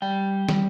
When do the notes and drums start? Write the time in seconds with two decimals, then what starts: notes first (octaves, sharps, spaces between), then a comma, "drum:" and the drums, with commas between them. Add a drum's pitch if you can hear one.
0.02 G3 G5
0.49 G3, drum: snare